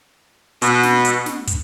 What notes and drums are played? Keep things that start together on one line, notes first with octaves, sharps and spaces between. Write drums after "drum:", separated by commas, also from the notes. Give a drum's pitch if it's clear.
B2, drum: hi-hat
drum: snare
drum: hi-hat
drum: snare
drum: kick, hi-hat